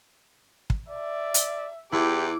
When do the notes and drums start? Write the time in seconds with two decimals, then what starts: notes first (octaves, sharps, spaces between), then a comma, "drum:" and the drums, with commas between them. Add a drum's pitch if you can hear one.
0.70 drum: kick
0.90 D5 E5
1.34 drum: hi-hat
1.92 E2 E4 G4 D6